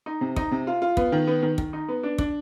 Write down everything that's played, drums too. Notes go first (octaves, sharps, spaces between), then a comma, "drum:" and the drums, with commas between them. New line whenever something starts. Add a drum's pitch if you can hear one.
D#4
C3
D#4, drum: kick
C3
F4
F4
B3, drum: kick
D#3
B3
D#3
D#3, drum: kick
D#4
B3
D4
D4, drum: kick